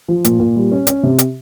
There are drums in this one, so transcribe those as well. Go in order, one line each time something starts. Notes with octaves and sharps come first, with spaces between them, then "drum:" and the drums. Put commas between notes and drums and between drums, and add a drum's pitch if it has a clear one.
F3
A#2, drum: hi-hat
A#2
G3
C#4
C#4, drum: hi-hat
C3
drum: hi-hat